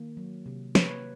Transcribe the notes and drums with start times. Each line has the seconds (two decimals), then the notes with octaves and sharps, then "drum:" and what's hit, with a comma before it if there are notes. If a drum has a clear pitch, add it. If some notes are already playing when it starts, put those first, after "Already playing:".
Already playing: D#3 A#3
0.17 F#3
0.46 C3
0.75 A#3 B4 C#5, drum: snare